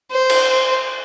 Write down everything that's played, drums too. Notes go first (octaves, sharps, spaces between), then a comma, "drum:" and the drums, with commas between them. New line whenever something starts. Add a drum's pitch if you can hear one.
C5
drum: cymbal